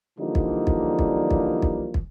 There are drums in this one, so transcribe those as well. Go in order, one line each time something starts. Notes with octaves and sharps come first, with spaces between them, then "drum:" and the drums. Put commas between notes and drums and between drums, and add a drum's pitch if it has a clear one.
D3 E3 F3 G3 A#3 D#4
drum: kick
drum: kick
drum: kick
drum: kick
drum: kick
drum: kick